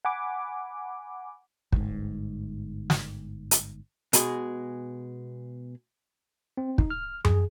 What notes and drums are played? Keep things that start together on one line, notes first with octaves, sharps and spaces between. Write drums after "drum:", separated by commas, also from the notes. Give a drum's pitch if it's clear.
F#5 G#5 B5 D6
G1 G#2, drum: kick
drum: snare
drum: hi-hat
B2 G#3 G#4, drum: hi-hat
C4
D#4, drum: kick
F6
G#4, drum: tom F#2